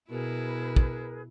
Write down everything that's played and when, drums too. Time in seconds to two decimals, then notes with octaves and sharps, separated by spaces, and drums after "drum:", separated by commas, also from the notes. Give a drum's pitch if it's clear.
0.10 B2 E4 G#4 A#4 B4
0.76 drum: kick